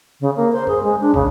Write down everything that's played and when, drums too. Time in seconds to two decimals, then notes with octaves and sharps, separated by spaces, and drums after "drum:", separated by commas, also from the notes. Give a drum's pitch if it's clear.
0.20 C#3
0.36 A#3
0.52 C5
0.67 G#4, drum: tom G2
0.83 G#3
1.00 D4
1.14 C#3, drum: kick